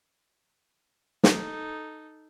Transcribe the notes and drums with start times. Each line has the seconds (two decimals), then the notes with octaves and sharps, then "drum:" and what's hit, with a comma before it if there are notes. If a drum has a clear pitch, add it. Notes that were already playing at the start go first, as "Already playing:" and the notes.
1.24 D#4 A4, drum: snare